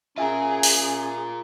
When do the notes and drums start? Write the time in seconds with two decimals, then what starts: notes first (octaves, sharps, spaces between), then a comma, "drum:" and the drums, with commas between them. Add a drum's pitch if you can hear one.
0.18 C#4 F4 G#4 A#4 E5 G#5
0.63 drum: open hi-hat